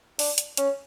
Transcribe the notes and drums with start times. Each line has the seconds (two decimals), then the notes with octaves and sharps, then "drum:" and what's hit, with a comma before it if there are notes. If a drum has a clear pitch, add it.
0.19 D4, drum: open hi-hat
0.38 drum: hi-hat
0.57 C#4, drum: hi-hat